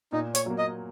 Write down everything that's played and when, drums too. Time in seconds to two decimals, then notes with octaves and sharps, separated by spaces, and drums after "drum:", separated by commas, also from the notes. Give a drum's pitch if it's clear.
0.12 A#2 D#4
0.35 C#5, drum: hi-hat
0.46 F#3 A#3
0.58 D#5